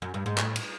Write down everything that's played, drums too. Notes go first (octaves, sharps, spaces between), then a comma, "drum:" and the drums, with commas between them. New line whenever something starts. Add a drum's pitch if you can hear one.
F#2
G2
G#2
A2, drum: clap
drum: cymbal